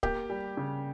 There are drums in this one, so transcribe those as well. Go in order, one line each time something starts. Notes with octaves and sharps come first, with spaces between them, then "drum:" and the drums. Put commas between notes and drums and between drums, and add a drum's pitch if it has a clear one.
A#3 G4, drum: kick C#1
G3
C#3